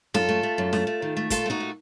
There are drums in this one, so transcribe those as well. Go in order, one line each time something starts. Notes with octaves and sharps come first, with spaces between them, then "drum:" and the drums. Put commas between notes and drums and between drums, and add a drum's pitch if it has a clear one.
F#2 F4 A4, drum: snare
A3
A3
F#2
A3, drum: snare
A3
D#3
A3
A#2 F4 A4, drum: kick, hi-hat
A3 D#4 F#4
A#2